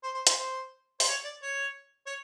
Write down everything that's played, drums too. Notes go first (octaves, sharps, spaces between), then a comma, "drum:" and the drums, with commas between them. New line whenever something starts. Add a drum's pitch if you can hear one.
C5
C5
C5, drum: hi-hat
C5
C5, drum: open hi-hat
C#5
D5
C#5
C#5